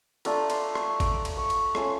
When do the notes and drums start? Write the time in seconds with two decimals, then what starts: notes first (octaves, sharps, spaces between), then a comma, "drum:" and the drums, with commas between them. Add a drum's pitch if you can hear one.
0.25 A3 D4 F4 A#5, drum: cymbal
0.50 C6, drum: cymbal
0.75 C#6, drum: rim click
1.00 D6, drum: kick, cymbal
1.25 drum: cymbal
1.37 C#6
1.50 drum: cymbal
1.75 A3 C#4 F4 C6, drum: rim click